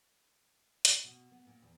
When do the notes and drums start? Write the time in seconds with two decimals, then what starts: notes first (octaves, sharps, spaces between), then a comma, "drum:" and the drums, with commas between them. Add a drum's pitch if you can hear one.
0.85 drum: hi-hat
1.04 B2
1.32 B3
1.47 A#2
1.62 E2